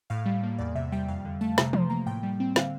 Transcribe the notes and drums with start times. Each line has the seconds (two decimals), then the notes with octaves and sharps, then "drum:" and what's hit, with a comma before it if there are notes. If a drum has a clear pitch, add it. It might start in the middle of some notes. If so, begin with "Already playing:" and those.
0.10 A2 F5
0.26 G3
0.43 A#3
0.58 E2 D5
0.75 C3 E5
0.92 G3 G5
1.08 F2 F5
1.25 D3
1.41 A3 A5
1.58 C3 A#5, drum: snare
1.73 F3 C6, drum: tom E3
1.90 A#3 A#5
2.06 A2 G5
2.23 G3
2.40 C4
2.56 D3 F5, drum: snare